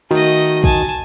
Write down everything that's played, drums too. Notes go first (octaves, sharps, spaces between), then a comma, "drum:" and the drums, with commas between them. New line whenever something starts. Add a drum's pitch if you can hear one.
D#3 A3 F#4 D#5
G#5 A5, drum: kick